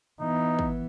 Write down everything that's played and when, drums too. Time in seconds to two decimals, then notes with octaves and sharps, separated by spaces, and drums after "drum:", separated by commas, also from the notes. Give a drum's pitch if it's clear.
0.21 E3 B3 D#4
0.59 drum: kick